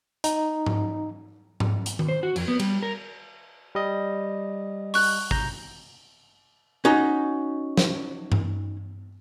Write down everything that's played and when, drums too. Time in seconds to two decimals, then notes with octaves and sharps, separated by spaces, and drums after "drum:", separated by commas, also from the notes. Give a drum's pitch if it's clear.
0.24 D#4, drum: hi-hat
0.66 drum: tom G#2
1.60 drum: tom G#2
1.86 drum: hi-hat
1.99 drum: tom D#3
2.09 C5
2.23 F#4
2.36 F2, drum: cymbal
2.48 B3
2.59 G3, drum: cymbal
2.83 A#4
3.75 G3 D#5
4.94 C#6 F#6, drum: open hi-hat
5.31 A#5 G6, drum: kick
6.85 C#4 D#4 F#4 A#5
7.77 drum: snare
8.32 drum: tom G2